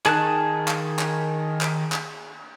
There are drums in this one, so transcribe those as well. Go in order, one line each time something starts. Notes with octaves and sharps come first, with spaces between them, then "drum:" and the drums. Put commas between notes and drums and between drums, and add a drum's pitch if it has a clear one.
D#3 G#4 A5 F#6, drum: clap
drum: clap
drum: clap
drum: clap
drum: clap